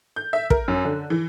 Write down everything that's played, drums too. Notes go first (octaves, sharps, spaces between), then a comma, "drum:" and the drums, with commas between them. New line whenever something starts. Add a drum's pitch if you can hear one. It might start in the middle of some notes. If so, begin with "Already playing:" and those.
G6
E5
A#4, drum: kick
F#2
D3
E3